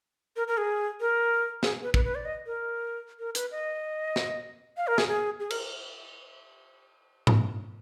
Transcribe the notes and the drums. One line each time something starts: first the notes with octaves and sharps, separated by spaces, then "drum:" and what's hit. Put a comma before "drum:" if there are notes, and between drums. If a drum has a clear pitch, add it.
A#4
A#4
G#4
A#4
G#4, drum: snare
B4
B4, drum: kick
B4
D5
D#5
A#4
A#4
B4, drum: hi-hat
D#5
drum: snare
F5
A#4
G#4, drum: snare
G#4
G#4
A#4, drum: cymbal
drum: tom G#2